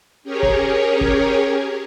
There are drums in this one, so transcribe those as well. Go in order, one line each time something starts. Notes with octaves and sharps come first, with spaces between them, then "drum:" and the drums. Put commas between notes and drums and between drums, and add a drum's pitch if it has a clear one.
C#4 G4 G#4 A#4 C#5
drum: kick
drum: kick